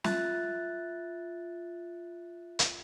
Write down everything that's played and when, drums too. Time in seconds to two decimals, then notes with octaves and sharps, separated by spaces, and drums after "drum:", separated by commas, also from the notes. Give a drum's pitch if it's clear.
0.04 F4 E5 F#6 A6, drum: snare
2.59 drum: hi-hat